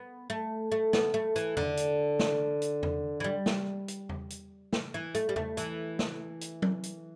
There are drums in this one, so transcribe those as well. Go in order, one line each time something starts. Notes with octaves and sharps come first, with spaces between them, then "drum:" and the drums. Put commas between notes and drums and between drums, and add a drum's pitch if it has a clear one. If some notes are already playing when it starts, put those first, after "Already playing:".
Already playing: B3
A3
A3
B3, drum: snare
A3
E3, drum: hi-hat
D3, drum: tom E2
drum: hi-hat
drum: snare
drum: hi-hat
drum: tom E2
E3
G3
drum: snare
drum: hi-hat
drum: tom E2
drum: hi-hat
drum: snare
E3
A3, drum: hi-hat
G3
A3, drum: tom E2
E3, drum: hi-hat
drum: snare
drum: hi-hat
drum: tom F#3
drum: hi-hat